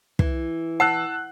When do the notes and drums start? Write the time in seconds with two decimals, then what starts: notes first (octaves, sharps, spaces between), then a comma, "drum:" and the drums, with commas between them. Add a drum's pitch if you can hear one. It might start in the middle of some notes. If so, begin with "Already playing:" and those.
0.19 E3, drum: kick
0.80 F#5 A5 E6 F#6